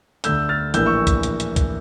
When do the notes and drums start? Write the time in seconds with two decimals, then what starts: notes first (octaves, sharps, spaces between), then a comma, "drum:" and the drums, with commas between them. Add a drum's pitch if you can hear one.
0.24 D2 D3 A3 E6 G6, drum: hi-hat
0.49 F6 A6
0.74 A#1 A2 E3 A#3 E6 G6, drum: hi-hat
0.86 C#6 E6
1.07 drum: kick, hi-hat
1.23 drum: hi-hat
1.40 drum: hi-hat
1.56 drum: kick, hi-hat